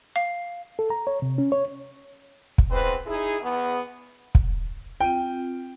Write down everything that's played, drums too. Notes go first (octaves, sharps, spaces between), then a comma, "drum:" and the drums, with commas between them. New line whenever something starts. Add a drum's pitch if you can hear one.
F5
A4
A#5
C#5
C3
C#4
C#5
drum: kick
E2 C4 B4 C5
D#4 E4 G#4
E2 B3
drum: kick
C4 F4 G5